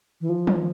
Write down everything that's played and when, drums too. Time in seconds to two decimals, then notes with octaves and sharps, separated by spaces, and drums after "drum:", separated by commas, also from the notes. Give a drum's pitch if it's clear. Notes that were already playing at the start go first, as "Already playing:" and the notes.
0.21 E3
0.29 F3
0.47 drum: tom